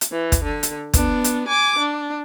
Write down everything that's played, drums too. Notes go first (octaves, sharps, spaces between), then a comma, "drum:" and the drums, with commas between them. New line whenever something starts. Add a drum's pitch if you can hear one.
drum: hi-hat
E3
drum: kick, hi-hat
D3
drum: hi-hat
B3 D4, drum: kick, hi-hat
drum: hi-hat
G#5 D6
D4